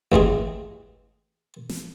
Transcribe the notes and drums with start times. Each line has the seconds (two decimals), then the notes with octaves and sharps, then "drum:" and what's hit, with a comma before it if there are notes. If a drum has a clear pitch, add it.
0.12 A1 E3 G#3 G#4, drum: kick G1
1.69 drum: snare